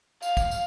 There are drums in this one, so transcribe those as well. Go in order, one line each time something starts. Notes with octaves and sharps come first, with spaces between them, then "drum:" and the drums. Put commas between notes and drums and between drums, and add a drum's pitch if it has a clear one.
F5, drum: tambourine
drum: kick, tambourine
drum: tambourine